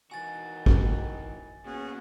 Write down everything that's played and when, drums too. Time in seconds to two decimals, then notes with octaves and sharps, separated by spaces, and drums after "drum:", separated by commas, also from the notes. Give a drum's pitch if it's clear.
0.11 D#3 E3 F#4 G#5 A6
0.66 drum: kick
1.66 A#2 B3 C#4 F#4 G#4